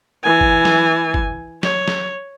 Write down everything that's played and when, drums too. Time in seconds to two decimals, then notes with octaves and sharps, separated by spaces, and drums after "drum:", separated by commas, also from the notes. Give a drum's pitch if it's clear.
0.23 E3 G#5
0.41 drum: kick G1
0.65 drum: snare
1.14 drum: kick G1
1.63 C#5, drum: snare
1.88 drum: snare